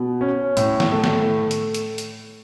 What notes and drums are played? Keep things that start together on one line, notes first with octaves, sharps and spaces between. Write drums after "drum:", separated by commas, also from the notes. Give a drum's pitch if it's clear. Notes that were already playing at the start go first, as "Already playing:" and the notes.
Already playing: B2
C#4
A2, drum: hi-hat
drum: snare
A3
drum: snare
drum: hi-hat
drum: hi-hat
drum: hi-hat